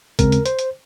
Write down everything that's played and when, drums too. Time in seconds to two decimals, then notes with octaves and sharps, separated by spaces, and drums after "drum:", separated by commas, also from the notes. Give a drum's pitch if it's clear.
0.19 D#2 C#3 G#3 C4 A#4, drum: kick, hi-hat
0.32 drum: hi-hat
0.46 C5, drum: hi-hat
0.59 drum: hi-hat